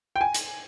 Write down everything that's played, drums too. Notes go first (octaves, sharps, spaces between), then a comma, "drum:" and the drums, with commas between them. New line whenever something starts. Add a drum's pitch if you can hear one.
G5
G#5
drum: hi-hat